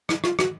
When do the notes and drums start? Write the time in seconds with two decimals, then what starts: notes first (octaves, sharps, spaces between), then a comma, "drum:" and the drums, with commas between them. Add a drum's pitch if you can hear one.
0.09 E4, drum: rim click
0.24 F4, drum: rim click
0.39 F#4, drum: rim click